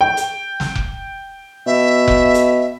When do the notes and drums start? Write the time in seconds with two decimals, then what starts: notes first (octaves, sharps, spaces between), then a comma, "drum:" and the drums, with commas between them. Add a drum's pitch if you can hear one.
0.01 G5
0.17 drum: hi-hat
0.60 drum: snare
0.75 drum: kick F1
1.66 B2 E5
2.08 drum: kick F1
2.34 drum: hi-hat